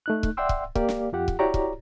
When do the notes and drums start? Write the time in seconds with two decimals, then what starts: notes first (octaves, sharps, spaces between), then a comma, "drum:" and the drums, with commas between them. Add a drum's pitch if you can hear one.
0.06 A3 D#4 F#6
0.23 drum: kick
0.37 D5 E5 F#5 G5 C6 E6
0.49 drum: kick
0.75 A#3 G4 D5 F5, drum: kick
0.89 drum: snare
1.13 F2 F4 G4 F#5
1.28 drum: kick
1.39 E4 F#4 G4 C#5 D5 A#5
1.54 drum: kick